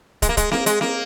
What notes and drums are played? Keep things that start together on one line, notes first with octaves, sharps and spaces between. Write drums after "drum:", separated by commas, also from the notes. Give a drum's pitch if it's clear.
G#3, drum: kick, hi-hat
A#3
G#3, drum: kick, hi-hat
A#3, drum: snare C4
G#3, drum: hi-hat
A#3, drum: snare C4